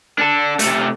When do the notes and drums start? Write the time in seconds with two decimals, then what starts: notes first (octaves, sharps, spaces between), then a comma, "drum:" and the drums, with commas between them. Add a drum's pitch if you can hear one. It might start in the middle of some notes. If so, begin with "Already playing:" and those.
0.18 D4 A4
0.59 C3 A3, drum: hi-hat